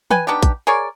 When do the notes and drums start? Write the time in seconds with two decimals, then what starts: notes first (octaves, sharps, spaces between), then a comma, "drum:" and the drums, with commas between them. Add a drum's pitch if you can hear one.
0.11 B4 G5 G#5, drum: tom
0.27 B3 D4 D#4 G4
0.43 drum: kick, hi-hat
0.67 G#4 A#4 C#5 D5